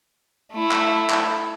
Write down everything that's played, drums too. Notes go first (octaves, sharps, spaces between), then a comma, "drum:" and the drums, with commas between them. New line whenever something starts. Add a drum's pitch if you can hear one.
A3 E4
drum: clap
drum: clap